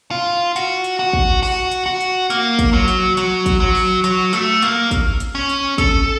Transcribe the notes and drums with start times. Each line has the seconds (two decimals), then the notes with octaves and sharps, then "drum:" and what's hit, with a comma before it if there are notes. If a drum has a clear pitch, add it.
0.11 F4
0.56 F#4, drum: hi-hat
0.84 drum: hi-hat
0.99 F#4
1.13 drum: kick
1.43 F#4, drum: open hi-hat
1.72 drum: hi-hat
1.86 F#4
2.01 drum: hi-hat
2.30 A#3, drum: hi-hat
2.59 drum: kick, hi-hat
2.73 F#3
2.88 drum: hi-hat
3.17 F#3, drum: hi-hat
3.46 drum: kick, hi-hat
3.60 F#3
3.75 drum: open hi-hat
4.04 F#3, drum: hi-hat
4.33 A3, drum: hi-hat
4.62 A#3, drum: hi-hat
4.91 drum: kick, hi-hat
5.20 drum: hi-hat
5.35 C#4
5.49 drum: hi-hat
5.78 A4, drum: kick, hi-hat